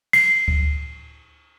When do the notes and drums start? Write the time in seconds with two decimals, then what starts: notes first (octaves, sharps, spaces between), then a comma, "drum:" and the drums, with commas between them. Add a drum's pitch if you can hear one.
0.13 C7, drum: cymbal
0.48 drum: kick D2